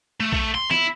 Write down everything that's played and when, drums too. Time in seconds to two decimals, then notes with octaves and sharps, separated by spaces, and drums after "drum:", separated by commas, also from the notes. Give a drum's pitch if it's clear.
0.20 A3
0.32 A3, drum: kick A#1
0.54 C6
0.71 E4, drum: snare B3